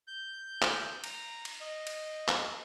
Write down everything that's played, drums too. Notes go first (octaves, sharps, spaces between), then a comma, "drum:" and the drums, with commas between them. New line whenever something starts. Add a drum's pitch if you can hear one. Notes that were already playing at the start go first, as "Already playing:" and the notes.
G6
drum: clap
A#5, drum: cymbal
drum: cymbal
D#5
drum: cymbal
drum: clap